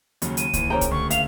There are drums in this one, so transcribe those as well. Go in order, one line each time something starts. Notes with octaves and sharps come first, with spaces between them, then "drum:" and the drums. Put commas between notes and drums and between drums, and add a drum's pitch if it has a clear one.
D#2 C#3 F#3, drum: hi-hat
D#7, drum: hi-hat
D#2 E3, drum: kick C2, hi-hat
C#3 A#3 C5 G5 A#5
drum: kick C2, hi-hat
D2 C#6
E5 F5 F7, drum: hi-hat